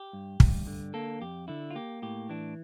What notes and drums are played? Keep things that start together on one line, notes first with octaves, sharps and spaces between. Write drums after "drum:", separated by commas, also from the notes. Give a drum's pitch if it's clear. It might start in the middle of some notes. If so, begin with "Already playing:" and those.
Already playing: G4
G2
G2, drum: kick
D3
A#3 A4
F2 G4
D3 E4
F4
A#3 G4
A2 G4
E3 D4